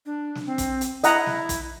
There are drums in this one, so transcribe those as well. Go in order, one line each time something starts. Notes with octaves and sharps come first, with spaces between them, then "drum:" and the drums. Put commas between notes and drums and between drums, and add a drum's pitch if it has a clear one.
D4
drum: snare
C4
drum: kick, hi-hat
drum: hi-hat
E4 D#5 F#5 A#5, drum: hi-hat
drum: snare
drum: kick, hi-hat